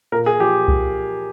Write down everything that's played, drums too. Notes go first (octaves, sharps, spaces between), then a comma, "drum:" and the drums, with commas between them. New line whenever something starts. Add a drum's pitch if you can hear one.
A#2 A#4
G#4
F3 G4
drum: kick C2